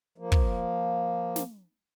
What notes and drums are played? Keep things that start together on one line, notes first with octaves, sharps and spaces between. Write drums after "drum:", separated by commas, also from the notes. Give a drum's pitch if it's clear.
F3 A#3
drum: kick
drum: snare